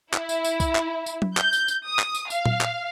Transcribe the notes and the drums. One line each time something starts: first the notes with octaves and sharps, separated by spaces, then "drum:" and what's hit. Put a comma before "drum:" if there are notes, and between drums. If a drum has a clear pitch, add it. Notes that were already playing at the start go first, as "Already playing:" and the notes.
E4, drum: clap
drum: tambourine
drum: tambourine
drum: kick, tambourine
drum: clap
drum: tambourine
drum: tom F#3
G6, drum: clap
drum: tambourine
drum: tambourine
D#6
drum: clap
drum: tambourine
F5, drum: tambourine
drum: tom A#2
drum: clap